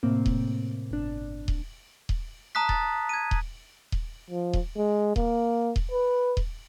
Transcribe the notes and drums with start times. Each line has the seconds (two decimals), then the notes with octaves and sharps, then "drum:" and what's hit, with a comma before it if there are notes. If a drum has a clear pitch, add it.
0.03 A2 C3 A#3 C4
0.26 drum: kick D#1
0.91 G1 D4
1.48 drum: kick D#1
2.09 drum: kick D#1
2.55 A5 A#5 D#6 F#6 B6
2.69 A6, drum: kick D#1
3.09 G#6 D#7
3.31 drum: kick D#1
3.92 drum: kick D#1
4.30 F3
4.53 drum: kick D#1
4.77 G#3
5.16 A#3, drum: kick D#1
5.76 drum: kick D#1
5.91 B4
6.37 drum: kick D#1